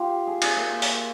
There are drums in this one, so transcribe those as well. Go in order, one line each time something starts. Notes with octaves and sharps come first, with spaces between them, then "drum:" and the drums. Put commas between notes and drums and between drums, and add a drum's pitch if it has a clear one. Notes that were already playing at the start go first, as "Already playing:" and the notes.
Already playing: F4 G4
G#4
G#4, drum: cymbal
A#3
drum: open hi-hat